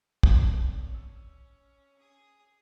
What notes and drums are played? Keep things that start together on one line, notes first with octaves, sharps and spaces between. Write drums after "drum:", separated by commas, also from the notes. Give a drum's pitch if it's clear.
C4 C#4 A4 D5, drum: kick
E6
G#4 D#6